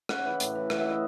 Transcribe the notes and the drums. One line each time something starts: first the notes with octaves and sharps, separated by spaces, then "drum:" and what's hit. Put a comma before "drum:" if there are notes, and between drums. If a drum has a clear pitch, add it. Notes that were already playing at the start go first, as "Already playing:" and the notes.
C#3 F#5, drum: rim click
E3
A2, drum: hi-hat
E3
C#3 F#5, drum: rim click
E5
E3
D#5